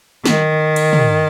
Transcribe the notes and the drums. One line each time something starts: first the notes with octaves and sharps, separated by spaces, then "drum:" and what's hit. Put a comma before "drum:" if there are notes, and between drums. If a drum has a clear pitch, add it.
D#3, drum: snare
drum: cymbal
drum: tom